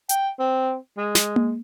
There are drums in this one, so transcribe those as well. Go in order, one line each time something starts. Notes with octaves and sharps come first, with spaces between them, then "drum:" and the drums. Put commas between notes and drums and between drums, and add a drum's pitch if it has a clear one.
G5, drum: hi-hat
C4
G#3
drum: snare
drum: tom A#3